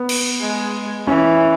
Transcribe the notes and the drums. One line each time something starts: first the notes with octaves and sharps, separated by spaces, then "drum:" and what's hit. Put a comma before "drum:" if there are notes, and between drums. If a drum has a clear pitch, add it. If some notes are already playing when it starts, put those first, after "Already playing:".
Already playing: B3
drum: cymbal
G#3
E3 C#4